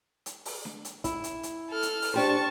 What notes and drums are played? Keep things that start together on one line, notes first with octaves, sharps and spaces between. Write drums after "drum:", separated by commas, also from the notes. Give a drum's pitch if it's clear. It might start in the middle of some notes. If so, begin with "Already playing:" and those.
drum: hi-hat
drum: open hi-hat
drum: snare D4
drum: hi-hat
E4, drum: kick, hi-hat
drum: hi-hat
drum: hi-hat
A4 F6
drum: hi-hat
drum: open hi-hat
D4 G4 C5 A5 C#6